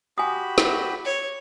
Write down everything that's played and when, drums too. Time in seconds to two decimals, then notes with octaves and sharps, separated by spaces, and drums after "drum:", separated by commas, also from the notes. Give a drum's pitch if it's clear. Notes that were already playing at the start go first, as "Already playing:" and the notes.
0.18 F#4 G4 G#5 B5 D#6
0.58 drum: snare
1.05 C#5